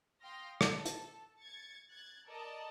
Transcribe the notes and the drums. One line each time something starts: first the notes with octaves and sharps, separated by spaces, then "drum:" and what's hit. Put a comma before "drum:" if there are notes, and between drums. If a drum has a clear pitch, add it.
F5 G5 C6 D#6 F6 A#6
A4 A5, drum: rim click
drum: hi-hat
G#6 A6 C#7
F#6 G#6 A6
A4 A#4 D5 D#5 A5